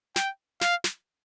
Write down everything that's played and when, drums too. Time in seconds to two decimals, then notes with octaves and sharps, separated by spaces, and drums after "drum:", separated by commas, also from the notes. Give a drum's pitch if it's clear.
0.16 G5, drum: snare
0.61 F5, drum: snare
0.84 drum: snare